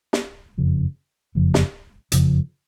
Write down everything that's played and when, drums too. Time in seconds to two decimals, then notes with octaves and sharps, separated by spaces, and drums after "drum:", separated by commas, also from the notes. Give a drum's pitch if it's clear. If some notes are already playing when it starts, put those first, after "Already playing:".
0.13 drum: snare
0.58 F#1 F2 C#3 F3
1.35 F#1 F2 C#3 F3
1.54 drum: snare
2.12 F#1 F2 C#3 F3, drum: hi-hat